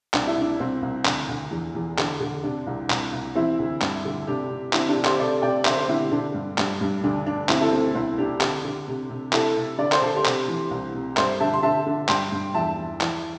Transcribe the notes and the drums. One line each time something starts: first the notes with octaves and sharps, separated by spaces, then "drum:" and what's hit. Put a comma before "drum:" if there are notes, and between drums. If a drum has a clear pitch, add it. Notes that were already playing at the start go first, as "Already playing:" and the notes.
C2 D4, drum: clap
E4
C2 D4
C2 C4
C2
D2, drum: clap
D2
E2
E2
D3, drum: clap
D3
C3 D4
C2
C2, drum: clap
C2
E3 C4 E4
D2
G2, drum: clap
D3
C3 D4 G4
C3
D3 C4 E4, drum: clap
D4 G4
D3
G4 C5, drum: clap
C3 A4 D5
C3 D5 G5
D3 C5 E5, drum: clap
G4 C5
D3 C4 E4
D3 D4
G2
G2, drum: clap
G2
D2 D4
D2 D4
D2 C4 E4, drum: clap
E4 A4
D2 C4
C2 C4 E4
C3 D4 G4
D3, drum: clap
D3
C3
C3
C3 E4 A4, drum: clap
C3
D3 D5
C5, drum: clap
D3 A4
G4 C5
C3, drum: clap
E3
C2
C3
G2 C5 E5, drum: clap
D3 E5 A5
C6
D3 E5 A5
D3
G2 G5 C6, drum: clap
G2
E2 E5 A5
E3
E3, drum: clap